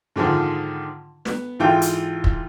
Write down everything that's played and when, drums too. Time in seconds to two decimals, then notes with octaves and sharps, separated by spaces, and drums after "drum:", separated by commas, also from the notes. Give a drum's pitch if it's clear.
0.16 G#2 D3 D#3 F3
1.25 B3, drum: snare
1.60 G#2 E3 F4 A4 G5
1.82 drum: hi-hat
2.24 drum: kick